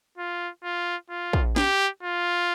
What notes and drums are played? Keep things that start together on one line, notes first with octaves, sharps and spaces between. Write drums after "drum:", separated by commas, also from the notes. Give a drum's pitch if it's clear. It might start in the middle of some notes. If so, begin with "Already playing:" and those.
F4
F4
F4
drum: kick
G4, drum: snare
F4